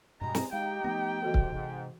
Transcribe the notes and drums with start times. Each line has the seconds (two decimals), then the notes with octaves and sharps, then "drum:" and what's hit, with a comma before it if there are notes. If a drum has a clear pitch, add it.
0.21 G2 B2 G3 G#3 A#5
0.35 drum: snare
0.53 G#3 D#4 G4 F5 G5
0.84 F3 A3 B3 A#6
1.23 D#2 G#2 C3 E3 F#4 A4
1.34 drum: kick C#1
1.52 G#2 C3